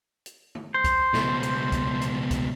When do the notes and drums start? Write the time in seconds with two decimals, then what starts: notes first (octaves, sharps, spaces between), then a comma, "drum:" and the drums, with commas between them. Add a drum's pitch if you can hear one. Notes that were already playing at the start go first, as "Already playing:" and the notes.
0.26 drum: hi-hat
0.55 drum: tom D3
0.74 C5
0.84 drum: kick, hi-hat
1.14 C#2 B2, drum: snare
1.43 drum: hi-hat
1.72 drum: kick, hi-hat
2.01 drum: hi-hat
2.31 drum: kick, hi-hat